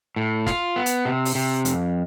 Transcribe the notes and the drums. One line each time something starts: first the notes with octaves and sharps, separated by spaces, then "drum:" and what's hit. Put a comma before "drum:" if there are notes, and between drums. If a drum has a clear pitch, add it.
A2
F4, drum: snare
B3
drum: hi-hat
C3
drum: open hi-hat
C3
F2, drum: hi-hat